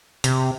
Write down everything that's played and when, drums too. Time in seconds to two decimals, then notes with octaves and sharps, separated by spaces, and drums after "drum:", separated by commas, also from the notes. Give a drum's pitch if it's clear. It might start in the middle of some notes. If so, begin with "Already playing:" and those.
0.24 C3, drum: hi-hat